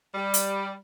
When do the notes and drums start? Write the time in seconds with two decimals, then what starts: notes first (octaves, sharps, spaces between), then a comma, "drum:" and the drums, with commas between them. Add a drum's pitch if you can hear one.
0.15 G3
0.34 drum: hi-hat